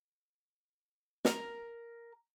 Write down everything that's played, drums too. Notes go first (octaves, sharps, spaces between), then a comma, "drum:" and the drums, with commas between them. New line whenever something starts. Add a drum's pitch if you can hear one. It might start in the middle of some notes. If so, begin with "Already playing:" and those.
A#4 A#5 F6, drum: snare